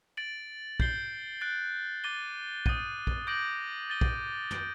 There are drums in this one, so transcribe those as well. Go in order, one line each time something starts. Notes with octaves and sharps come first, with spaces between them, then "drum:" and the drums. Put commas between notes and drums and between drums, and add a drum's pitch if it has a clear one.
A6 D7 F#7
G6 C7 G7, drum: kick
F#6 A6 D7
D6 A6 D#7 G7
D#6 A6 D#7, drum: kick
drum: kick
D6 G6 A#6 D7 F#7
A6 D#7 G7
drum: kick
G6 D7 G7, drum: tom